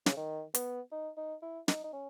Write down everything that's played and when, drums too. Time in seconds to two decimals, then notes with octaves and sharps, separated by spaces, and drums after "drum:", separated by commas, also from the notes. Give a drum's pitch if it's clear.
0.06 C#3, drum: snare
0.17 D#3
0.54 B3, drum: hi-hat
0.92 D#4
1.17 D#4
1.42 E4
1.68 D#4, drum: snare
1.84 D#4
1.93 C#4